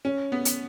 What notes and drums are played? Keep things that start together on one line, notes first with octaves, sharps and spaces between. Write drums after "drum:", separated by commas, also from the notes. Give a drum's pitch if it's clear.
C#4
B3
drum: hi-hat